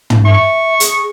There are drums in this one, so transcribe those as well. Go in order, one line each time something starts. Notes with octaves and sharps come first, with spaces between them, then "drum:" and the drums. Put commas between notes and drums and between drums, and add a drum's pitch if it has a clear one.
drum: tom
E5 C#6
G#4, drum: hi-hat